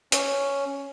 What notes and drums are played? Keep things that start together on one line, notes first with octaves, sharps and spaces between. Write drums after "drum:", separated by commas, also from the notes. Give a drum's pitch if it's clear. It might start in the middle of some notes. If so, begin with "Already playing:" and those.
C#4, drum: hi-hat